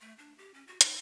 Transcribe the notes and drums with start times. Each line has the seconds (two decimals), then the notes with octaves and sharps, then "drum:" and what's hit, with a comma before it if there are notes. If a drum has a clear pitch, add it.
0.01 A3
0.18 D4
0.38 G4
0.54 C#4
0.67 F#4
0.81 D#4, drum: hi-hat